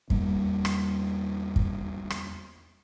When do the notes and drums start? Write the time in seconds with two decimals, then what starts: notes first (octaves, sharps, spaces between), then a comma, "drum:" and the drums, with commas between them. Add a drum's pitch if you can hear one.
0.10 E2 G3 A#3, drum: kick
0.65 drum: rim click
1.56 drum: kick
2.10 drum: rim click